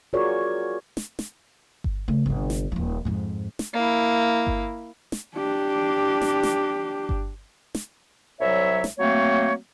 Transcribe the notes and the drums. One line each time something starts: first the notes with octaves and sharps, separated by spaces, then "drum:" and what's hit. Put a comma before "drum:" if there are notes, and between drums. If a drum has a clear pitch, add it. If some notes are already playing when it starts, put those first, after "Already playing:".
F4 F#4 G#4 A#4 C#5 D5
drum: snare
drum: snare
drum: kick G1
C#3 A3
G1 C3
drum: snare
D#1 F3
F2 G#2
drum: snare
A#3 E4
drum: kick G1
drum: snare
D4 G4
drum: snare
drum: snare
drum: kick G1
drum: snare
C2 F#3 C#5 E5
drum: snare
F#3 A3 A#3 C4 C#5